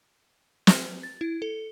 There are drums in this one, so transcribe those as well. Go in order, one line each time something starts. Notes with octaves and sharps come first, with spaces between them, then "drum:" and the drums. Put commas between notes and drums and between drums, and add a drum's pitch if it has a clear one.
drum: snare
A6
E4
A4